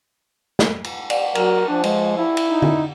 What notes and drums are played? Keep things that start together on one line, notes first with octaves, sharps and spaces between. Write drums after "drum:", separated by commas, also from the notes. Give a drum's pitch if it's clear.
drum: snare
drum: cymbal
drum: cymbal
F#3 A#4, drum: cymbal
F3 D4
G#3, drum: cymbal
E4
drum: cymbal
D#4
drum: tom D3